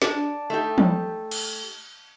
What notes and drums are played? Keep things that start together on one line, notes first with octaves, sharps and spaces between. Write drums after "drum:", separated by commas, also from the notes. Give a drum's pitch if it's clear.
D4, drum: snare
A3 D#4 G4
drum: tom
drum: cymbal